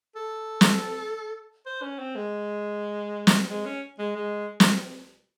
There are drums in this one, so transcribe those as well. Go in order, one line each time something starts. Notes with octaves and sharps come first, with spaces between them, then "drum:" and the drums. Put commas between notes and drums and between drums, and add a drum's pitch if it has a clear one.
A4
drum: snare
C5
C#4
C4
G#3
drum: snare
G#3
C#4
G#3
G#3
drum: snare